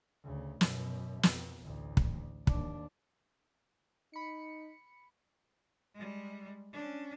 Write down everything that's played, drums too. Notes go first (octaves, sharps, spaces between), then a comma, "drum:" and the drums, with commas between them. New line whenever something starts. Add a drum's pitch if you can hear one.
D2 C#3
F#2 B2, drum: snare
F2, drum: snare
A1 D2
drum: kick
D#2 D4, drum: kick
D#4 B5 C#7
G3 G#3
C#4 D4